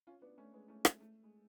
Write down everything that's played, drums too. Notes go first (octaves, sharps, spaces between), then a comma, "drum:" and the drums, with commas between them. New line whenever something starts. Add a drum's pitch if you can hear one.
C#4 F4
B3 D4
A3 C#4
G#3 B3
A3 C#4
A3, drum: rim click
A3
G#3